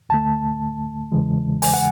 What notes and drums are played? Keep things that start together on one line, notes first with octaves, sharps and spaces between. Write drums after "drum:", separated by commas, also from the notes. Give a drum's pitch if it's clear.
D2 D3 A3 A5
E2 C#3 E3 G#3
G#5, drum: open hi-hat
F#5